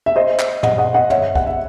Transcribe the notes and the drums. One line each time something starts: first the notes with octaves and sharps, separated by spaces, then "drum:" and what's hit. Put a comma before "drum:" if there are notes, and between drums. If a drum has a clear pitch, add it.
E5
C5 D#5
drum: clap
D#5 F#5, drum: tom
D#5 F#5
D#5 F#5
C#5 E5, drum: tom
F#5, drum: kick C#2
E5